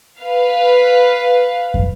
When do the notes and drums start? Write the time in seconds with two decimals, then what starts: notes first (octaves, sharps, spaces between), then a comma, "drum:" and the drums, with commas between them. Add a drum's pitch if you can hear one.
0.19 B4 F5
1.74 drum: kick